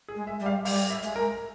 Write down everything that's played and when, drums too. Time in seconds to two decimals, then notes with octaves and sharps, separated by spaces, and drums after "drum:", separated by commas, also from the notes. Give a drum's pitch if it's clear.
0.08 G#4
0.16 G#3
0.27 E5
0.40 G3
0.46 F5
0.65 G3 F5, drum: open hi-hat
0.90 E5
1.02 G#3, drum: hi-hat
1.16 A#4